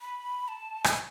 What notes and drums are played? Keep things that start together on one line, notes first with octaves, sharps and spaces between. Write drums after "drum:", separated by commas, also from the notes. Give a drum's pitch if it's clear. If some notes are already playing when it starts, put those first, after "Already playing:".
B5
A5
G#5, drum: rim click